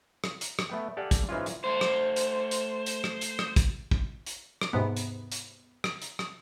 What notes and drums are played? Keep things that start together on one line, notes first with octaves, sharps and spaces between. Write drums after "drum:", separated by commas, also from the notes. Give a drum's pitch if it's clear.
drum: rim click
drum: hi-hat
drum: rim click
A3 B3 G5
G4 A4 D5 F5 F#5 G#5
drum: kick, hi-hat
G#2 E3 G#3 C#4 F4
drum: hi-hat
A3 C5
drum: rim click
drum: hi-hat
drum: hi-hat
drum: hi-hat
drum: rim click
drum: hi-hat
drum: rim click
drum: kick, hi-hat
drum: kick
drum: hi-hat
drum: rim click
D#2 G#2 C3 B3
drum: hi-hat
drum: hi-hat
drum: rim click
drum: hi-hat
drum: rim click